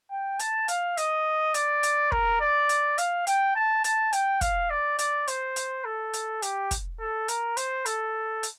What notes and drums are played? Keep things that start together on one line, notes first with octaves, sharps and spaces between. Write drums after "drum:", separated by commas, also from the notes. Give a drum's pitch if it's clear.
G5
A5, drum: hi-hat
F5, drum: hi-hat
D#5, drum: hi-hat
D5, drum: hi-hat
drum: hi-hat
A#4, drum: kick
D5
drum: hi-hat
F5, drum: hi-hat
G5, drum: hi-hat
A5
A5, drum: hi-hat
G5, drum: hi-hat
F5, drum: kick, hi-hat
D5
D5, drum: hi-hat
C5, drum: hi-hat
drum: hi-hat
A4
drum: hi-hat
G4, drum: hi-hat
drum: kick, hi-hat
A4
A#4, drum: hi-hat
C5, drum: hi-hat
A4, drum: hi-hat
drum: hi-hat